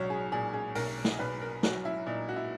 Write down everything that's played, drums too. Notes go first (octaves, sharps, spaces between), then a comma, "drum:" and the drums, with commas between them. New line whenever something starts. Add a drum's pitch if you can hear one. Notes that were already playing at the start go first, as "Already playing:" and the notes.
Already playing: B1 F#3 C#5
G#4
A#2 G#4
G#4
B1 A#4, drum: open hi-hat
drum: snare
B1 B4
A#4
F#3 F#4, drum: snare
E4
A#2 D#4
F#4
E4